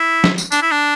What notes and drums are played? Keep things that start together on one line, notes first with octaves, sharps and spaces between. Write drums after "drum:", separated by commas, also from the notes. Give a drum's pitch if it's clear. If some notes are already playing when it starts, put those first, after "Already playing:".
Already playing: E4
drum: snare
drum: tambourine
D4, drum: tambourine
E4
D4